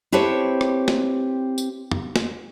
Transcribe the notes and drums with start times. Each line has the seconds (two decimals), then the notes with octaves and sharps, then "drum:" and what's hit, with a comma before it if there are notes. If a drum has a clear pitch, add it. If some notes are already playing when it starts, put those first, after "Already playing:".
0.12 C4 E4 G4 A4 B4 C#5
0.61 drum: rim click
0.88 drum: snare
1.58 drum: tambourine
1.92 drum: tom
2.16 drum: snare